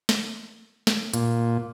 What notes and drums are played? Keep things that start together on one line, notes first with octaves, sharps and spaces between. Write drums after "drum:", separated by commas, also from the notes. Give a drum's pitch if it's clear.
drum: snare
drum: snare
A#2, drum: hi-hat